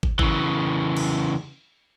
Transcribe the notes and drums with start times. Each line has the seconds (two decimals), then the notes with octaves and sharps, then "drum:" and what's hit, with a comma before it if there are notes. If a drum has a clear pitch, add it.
0.03 drum: kick
0.19 C#3 E3, drum: kick
0.97 drum: cymbal